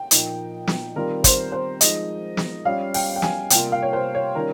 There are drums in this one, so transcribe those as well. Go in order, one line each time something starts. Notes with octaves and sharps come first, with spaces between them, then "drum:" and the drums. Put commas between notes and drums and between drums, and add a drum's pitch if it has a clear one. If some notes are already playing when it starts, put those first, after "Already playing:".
Already playing: G5
A#2 F3 A#3 D#4, drum: hi-hat
drum: snare
D#3 G3 C4 F4 A#4
C5, drum: kick, hi-hat
C5
F3 G#3 D#4 D#5, drum: hi-hat
drum: snare
G3 C#4 F4 F5
G5, drum: open hi-hat
G5
G#5, drum: snare
C3 G3 A#3 F4 G5, drum: hi-hat
F5
C#5
C5
C#5
D#3 G3 C#4 F4 A#4